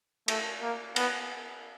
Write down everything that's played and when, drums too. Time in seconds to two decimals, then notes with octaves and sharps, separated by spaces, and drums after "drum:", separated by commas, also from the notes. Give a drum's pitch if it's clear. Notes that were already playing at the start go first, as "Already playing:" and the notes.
0.28 A3, drum: cymbal
0.62 A#3
0.96 B3, drum: cymbal